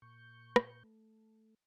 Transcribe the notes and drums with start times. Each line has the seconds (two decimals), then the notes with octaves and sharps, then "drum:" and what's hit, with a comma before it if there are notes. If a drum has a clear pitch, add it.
0.02 A#2 C#6 G6
0.56 drum: rim click
0.83 A3